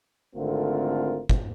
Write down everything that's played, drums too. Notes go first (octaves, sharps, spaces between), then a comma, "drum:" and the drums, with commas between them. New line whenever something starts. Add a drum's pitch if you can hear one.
G#1 D3 A3 C4 F4 A#4
drum: kick